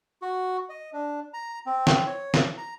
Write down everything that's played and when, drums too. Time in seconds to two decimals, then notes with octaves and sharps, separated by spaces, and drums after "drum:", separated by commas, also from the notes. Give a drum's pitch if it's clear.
0.22 F#4
0.69 D#5
0.93 D4
1.34 A#5
1.66 C4
1.87 drum: snare
2.07 C#5
2.34 drum: snare
2.58 A#5